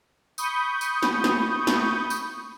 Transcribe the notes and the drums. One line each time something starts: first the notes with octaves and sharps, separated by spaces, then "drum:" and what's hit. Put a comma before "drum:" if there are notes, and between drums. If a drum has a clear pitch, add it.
B5 C#6 D#6 G6, drum: tambourine
drum: tambourine
drum: snare
drum: snare
drum: snare
drum: tambourine